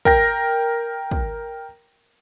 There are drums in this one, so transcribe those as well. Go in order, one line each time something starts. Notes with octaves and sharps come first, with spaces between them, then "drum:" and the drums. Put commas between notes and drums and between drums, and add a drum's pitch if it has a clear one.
A#4 G5 A#6, drum: kick
drum: kick